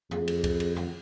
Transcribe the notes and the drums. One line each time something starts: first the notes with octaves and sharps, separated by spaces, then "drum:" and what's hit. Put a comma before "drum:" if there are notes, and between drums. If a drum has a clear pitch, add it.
F2 G#4, drum: tom E2
drum: cymbal
drum: kick C#2, cymbal
drum: cymbal
drum: tom E2